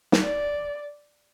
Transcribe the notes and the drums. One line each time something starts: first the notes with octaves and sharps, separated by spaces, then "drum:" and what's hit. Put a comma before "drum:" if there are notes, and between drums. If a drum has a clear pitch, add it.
drum: snare
D5